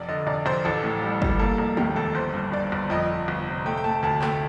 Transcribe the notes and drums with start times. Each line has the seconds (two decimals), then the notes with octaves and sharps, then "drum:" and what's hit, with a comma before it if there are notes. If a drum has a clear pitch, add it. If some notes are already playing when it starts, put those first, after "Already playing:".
Already playing: F1 D5
0.08 D3 D#5
0.27 F1 D5
0.46 F1 C5
0.65 A1 A4
0.84 A2
1.02 G3
1.22 G3, drum: kick
1.39 A#3 A4
1.58 F1 A4
1.77 D#2 G4, drum: tom G#3
1.96 F1 A4
2.15 G1 C5
2.34 G2
2.52 G1 D5
2.72 G1
2.90 F2 D#5
3.09 F2
3.28 G1
3.47 C3
3.66 A3 G5
3.77 G5
3.84 A3 A5
4.03 D2 A5
4.22 A3 G5, drum: clap